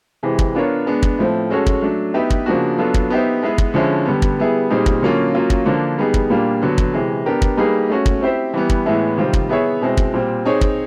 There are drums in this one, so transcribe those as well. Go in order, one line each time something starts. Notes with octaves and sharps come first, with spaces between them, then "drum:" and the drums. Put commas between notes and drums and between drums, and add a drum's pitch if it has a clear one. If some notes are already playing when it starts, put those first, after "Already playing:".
C3 E3 G#3
drum: kick
B3 D4 F4 A#4 C#5
G#3 B3 D4
drum: kick
A2 F3 A3 C4
G#3 C#4 F#4 A4 C#5
drum: kick
F#3 A3 D4
B3 D#4 G4 B4 E5
drum: kick
C#3 F3 A#3 D4 F#4
F#3 B3 D4 F4 A4
drum: kick
B3 D#4 G4 C5 E5
G#3 B3 E4 G#4 B4
drum: kick
D3 F3 G#3 C#4 E4
D3 G3 B3
drum: kick
G3 B3 E4 G#4
A#2 G3 C4 D#4 G#4
drum: kick
D3 F#3 A#3 C#4 F4
F#3 A#3 C#4 F4
drum: kick
D3 F3 A#3 D4
G3 B3 D#4 G#4
drum: kick
A#2 G3 A#3 D4 F4
D3 F#3 B3
drum: kick
C3 E3 G#3
B3 D4 G4 A#4
drum: kick
G3 A#3 D#4 G#4 B4
A3 C#4 F#4
drum: kick
C4 E4 G4 C5 E5
E3 G3 B3
drum: kick
A2 E3 G#3 B3 E4
C3 D#3 G3 C4 F4
drum: kick
B3 E4 G#4 C#5 E5
B2 G#3 C4 E4
drum: kick
A#2 G3 C4
C4 D#4 G#4 C#5
drum: kick